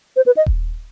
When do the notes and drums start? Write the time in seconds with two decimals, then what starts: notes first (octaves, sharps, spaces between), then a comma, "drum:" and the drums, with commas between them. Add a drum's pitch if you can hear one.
0.16 C5
0.26 B4
0.37 D#5
0.46 drum: kick D#1